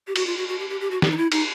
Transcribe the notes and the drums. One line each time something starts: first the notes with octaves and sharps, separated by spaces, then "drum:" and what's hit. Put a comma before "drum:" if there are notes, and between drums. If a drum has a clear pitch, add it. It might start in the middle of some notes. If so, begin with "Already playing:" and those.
G4
F#4, drum: cymbal
F4
F#4
F#4
G4
G4
G4
F#4
G4, drum: snare
D#4
E4
D#4, drum: cymbal